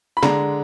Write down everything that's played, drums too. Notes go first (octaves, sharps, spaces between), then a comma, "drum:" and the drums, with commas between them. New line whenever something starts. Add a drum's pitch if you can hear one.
B5
D3 G#3 D4 A#5, drum: snare